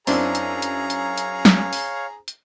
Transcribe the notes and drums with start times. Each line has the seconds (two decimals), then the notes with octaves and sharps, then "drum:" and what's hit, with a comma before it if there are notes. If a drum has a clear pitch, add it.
0.07 F#2 C4 D4 E4 G#4 C#5 F5 A#5, drum: open hi-hat
0.35 drum: hi-hat
0.62 drum: hi-hat
0.90 drum: hi-hat
1.18 drum: hi-hat
1.45 drum: snare
1.73 drum: open hi-hat
2.28 drum: hi-hat